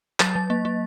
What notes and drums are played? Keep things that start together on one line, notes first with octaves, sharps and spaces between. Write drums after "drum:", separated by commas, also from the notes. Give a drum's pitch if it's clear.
F#3 A6, drum: clap
F#3
A#3
A#3